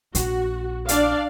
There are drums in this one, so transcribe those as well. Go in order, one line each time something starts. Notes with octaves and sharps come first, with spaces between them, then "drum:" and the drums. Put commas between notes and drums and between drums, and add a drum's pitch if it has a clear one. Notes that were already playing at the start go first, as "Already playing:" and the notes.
A#1 F#4, drum: hi-hat
D4 D5 F5, drum: hi-hat